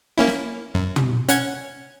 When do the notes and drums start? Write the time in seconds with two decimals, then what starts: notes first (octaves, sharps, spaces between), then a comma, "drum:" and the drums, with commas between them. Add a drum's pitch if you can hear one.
0.17 A#3 C#4 E4
0.27 drum: snare
0.74 F#2
0.96 drum: tom
1.28 C#4 F#5 G#6, drum: hi-hat